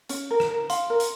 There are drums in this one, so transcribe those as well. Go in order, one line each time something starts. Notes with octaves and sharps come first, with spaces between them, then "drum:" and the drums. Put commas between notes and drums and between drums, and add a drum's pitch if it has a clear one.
C#4, drum: hi-hat
A#4
drum: rim click
A#4
F5 C6, drum: hi-hat
A#4
drum: hi-hat